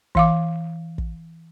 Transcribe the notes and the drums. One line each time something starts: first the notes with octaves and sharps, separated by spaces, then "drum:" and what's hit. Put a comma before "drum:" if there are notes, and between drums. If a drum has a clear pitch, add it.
E3 F5 D6, drum: kick
drum: kick